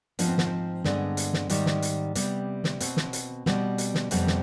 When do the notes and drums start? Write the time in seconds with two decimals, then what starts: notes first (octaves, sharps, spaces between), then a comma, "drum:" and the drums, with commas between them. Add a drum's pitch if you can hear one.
0.19 G#2 F3 B3 D4, drum: hi-hat
0.28 C4
0.38 B3, drum: snare
0.47 C4
0.84 G2 D3 G#3 B3, drum: snare
1.17 drum: hi-hat
1.33 drum: snare
1.50 G#2 D#3 G3, drum: hi-hat
1.66 drum: snare
1.82 drum: hi-hat
2.15 C3 G3 B3, drum: hi-hat
2.64 drum: snare
2.80 B2 B3 C4, drum: hi-hat
2.97 drum: snare
3.13 drum: hi-hat
3.46 B2 G3 B3, drum: snare
3.78 drum: hi-hat
3.95 drum: snare
4.11 F2 C3 G3 B3 C4, drum: hi-hat
4.27 drum: snare